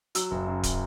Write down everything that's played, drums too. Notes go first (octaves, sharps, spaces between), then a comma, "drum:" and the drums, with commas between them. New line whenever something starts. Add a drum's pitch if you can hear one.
F#3 E6, drum: hi-hat
F#1
F#2
drum: kick, hi-hat